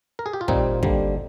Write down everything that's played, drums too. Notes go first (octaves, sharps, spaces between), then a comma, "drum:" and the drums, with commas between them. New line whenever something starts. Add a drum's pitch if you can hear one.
A#4
G#4
G4
F4
A#2 G3 A#3 C4 D#4, drum: kick
D3 G3 A#3, drum: kick